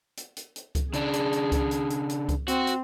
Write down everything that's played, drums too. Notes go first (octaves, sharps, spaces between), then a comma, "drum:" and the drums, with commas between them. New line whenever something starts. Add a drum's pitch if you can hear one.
drum: hi-hat
drum: hi-hat
drum: hi-hat
drum: kick C#2, hi-hat
C#3 D4 G#4, drum: hi-hat
drum: hi-hat
drum: hi-hat
drum: kick C#2, hi-hat
drum: hi-hat
drum: hi-hat
drum: hi-hat
drum: kick C#2, hi-hat
C4 F#4, drum: hi-hat
drum: hi-hat